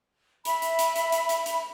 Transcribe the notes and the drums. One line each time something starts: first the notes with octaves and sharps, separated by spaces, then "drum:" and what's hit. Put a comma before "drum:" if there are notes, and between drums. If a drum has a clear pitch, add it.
E5 B5, drum: hi-hat
drum: hi-hat
drum: hi-hat
drum: hi-hat
drum: hi-hat
drum: hi-hat
drum: hi-hat